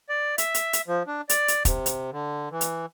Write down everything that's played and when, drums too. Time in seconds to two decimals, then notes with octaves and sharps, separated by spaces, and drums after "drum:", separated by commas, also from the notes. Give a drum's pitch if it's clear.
0.09 D5
0.38 E5, drum: hi-hat
0.54 drum: hi-hat
0.73 drum: hi-hat
0.88 F3
1.07 D4
1.29 D5, drum: hi-hat
1.48 drum: hi-hat
1.65 C3, drum: kick, hi-hat
1.86 drum: hi-hat
2.12 D3
2.51 E3
2.61 drum: hi-hat